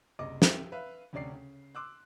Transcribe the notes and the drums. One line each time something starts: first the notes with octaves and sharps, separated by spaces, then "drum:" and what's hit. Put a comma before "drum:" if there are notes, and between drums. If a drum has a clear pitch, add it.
F#1 C2 D#5 D6
G4 E5, drum: snare
B4 E5 F5
D2 C3 C#4 D5 C7
C#3
C6 D6 E6 F#6